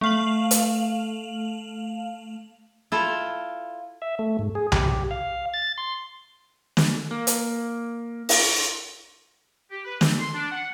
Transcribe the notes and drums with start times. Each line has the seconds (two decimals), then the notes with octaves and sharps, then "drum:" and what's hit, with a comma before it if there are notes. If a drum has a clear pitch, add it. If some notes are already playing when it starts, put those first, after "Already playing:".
0.01 A3 F5 F#7
0.51 drum: hi-hat
2.92 E4 F4 A4
4.02 E5
4.19 A3
4.39 G#2
4.55 G#4
4.72 G4, drum: tom B1
4.89 G4
5.11 F5
5.54 A6
5.78 C6
6.77 drum: snare
7.11 A#3
7.27 drum: hi-hat
8.29 drum: open hi-hat
9.71 G4
9.85 B4
10.01 C4, drum: snare
10.19 C6
10.34 D4
10.50 F#5